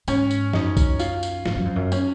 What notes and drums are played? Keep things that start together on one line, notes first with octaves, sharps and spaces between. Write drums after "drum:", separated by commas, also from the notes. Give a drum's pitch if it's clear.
G#2 C#4, drum: tambourine
drum: tambourine
F#2 D#4, drum: snare
drum: kick B1, tambourine
F4, drum: tambourine
drum: tambourine
G#2 F4, drum: snare
F#2
F2
F#2
C#4, drum: tambourine